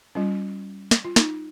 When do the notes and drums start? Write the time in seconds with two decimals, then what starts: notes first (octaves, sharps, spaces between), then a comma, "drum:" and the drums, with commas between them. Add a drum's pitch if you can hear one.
0.15 G3 C#4 F4
0.91 drum: snare
1.05 F4
1.16 D#4, drum: snare